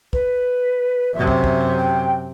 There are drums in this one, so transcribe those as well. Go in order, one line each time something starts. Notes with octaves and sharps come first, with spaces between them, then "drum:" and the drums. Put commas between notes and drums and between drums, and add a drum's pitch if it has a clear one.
B4, drum: kick
F#2 C3 E5
drum: kick
drum: kick
G5